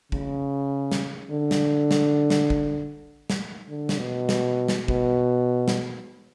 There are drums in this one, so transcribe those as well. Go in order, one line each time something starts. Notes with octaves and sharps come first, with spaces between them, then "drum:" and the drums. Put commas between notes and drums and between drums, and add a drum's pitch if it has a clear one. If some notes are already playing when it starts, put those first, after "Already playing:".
C#3, drum: kick
drum: snare
D3
drum: snare
drum: snare
drum: snare
drum: kick
drum: snare
D3
drum: snare
B2
drum: snare
drum: snare
B2, drum: kick
drum: snare